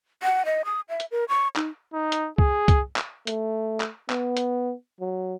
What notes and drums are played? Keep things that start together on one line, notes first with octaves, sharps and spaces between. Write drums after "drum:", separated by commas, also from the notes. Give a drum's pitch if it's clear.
F#5
D#5
D#6
E5
drum: hi-hat
A#4
C#6
D#4, drum: clap
D#4
drum: hi-hat
G#4, drum: kick C2
drum: kick C2, hi-hat
drum: clap
A3, drum: hi-hat
drum: clap
B3, drum: clap
drum: hi-hat
F#3